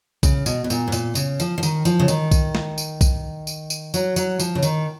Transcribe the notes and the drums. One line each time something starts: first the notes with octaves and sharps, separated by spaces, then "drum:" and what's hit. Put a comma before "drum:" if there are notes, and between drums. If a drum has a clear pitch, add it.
C#3, drum: kick B1, tambourine
B2, drum: tambourine
B2
A#2, drum: tambourine
G#2
A#2, drum: tambourine
C#3, drum: tambourine
F3, drum: tambourine
F3
D#3, drum: tambourine
F3, drum: tambourine
C#3
D#3, drum: tambourine
drum: kick B1, tambourine
drum: snare
drum: tambourine
drum: kick B1, tambourine
drum: tambourine
drum: tambourine
F#3, drum: tambourine
F#3, drum: tambourine
F3, drum: tambourine
C#3
D#3, drum: tambourine